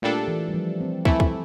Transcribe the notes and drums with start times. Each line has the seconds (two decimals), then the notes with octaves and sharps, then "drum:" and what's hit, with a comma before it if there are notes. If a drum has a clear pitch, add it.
0.02 A#2 G3 A3 D4 A4
0.28 E3
0.48 G3
0.54 F3
0.81 C4
1.05 E3 A3 C4 E4, drum: kick
1.20 drum: kick